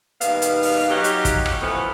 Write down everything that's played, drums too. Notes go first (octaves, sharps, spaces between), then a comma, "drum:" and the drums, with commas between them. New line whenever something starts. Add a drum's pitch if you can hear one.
D#2 B2 G3 B3 F5, drum: hi-hat
drum: hi-hat
drum: open hi-hat
F#3 C#4 D#4 G4
drum: hi-hat
drum: kick, hi-hat
drum: rim click
E3 F3 A3 B3